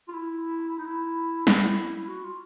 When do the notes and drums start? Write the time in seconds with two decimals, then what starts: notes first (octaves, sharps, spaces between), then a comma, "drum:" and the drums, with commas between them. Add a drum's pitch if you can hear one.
0.08 F4
0.14 E4
0.78 D#4
0.85 E4
1.47 E4, drum: snare
2.08 F#4
2.24 F4